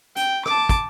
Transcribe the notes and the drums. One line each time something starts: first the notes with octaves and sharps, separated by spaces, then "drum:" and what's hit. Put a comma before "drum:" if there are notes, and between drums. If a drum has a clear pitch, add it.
G5, drum: hi-hat
A5 D6, drum: rim click
drum: kick, hi-hat